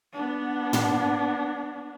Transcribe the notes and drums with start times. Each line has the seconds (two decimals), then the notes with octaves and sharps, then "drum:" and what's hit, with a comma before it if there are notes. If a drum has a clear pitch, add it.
0.13 B3 D4
0.73 drum: tom